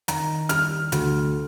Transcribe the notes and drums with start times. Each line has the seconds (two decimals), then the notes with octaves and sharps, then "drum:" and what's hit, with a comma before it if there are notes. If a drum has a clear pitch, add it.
0.08 D#3 A#5, drum: hi-hat
0.49 G3 F6, drum: hi-hat
0.92 D2, drum: hi-hat